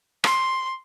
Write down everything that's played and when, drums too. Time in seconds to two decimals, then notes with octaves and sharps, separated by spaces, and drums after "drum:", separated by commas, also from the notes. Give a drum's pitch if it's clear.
0.24 C6, drum: rim click